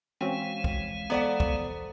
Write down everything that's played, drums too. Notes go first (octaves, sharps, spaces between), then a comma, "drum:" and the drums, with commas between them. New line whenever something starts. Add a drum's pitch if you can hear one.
E3 G#3 C4 C#4 F#4 C#5 F5
drum: kick
B3 A4 C5 D5 F#5 A#5
drum: kick